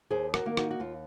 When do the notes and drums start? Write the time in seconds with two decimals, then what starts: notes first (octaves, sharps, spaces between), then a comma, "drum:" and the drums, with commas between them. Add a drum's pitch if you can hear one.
0.10 D#2 G#4 C5
0.34 F#4 A#4, drum: rim click
0.45 D#3 A#3
0.57 D#4 F#4, drum: rim click
0.71 F#4
0.80 D#2 F4